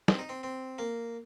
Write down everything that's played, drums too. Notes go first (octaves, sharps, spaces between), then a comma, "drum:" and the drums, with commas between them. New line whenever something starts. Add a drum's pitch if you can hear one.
C4, drum: snare
D#4
C4
C4
A#3